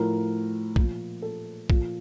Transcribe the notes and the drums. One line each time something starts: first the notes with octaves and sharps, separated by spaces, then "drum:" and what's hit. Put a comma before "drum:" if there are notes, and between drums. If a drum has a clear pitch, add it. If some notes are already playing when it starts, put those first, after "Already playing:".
Already playing: A2 F3 A#4
A#2 F3, drum: kick
A4
A#2 F3, drum: kick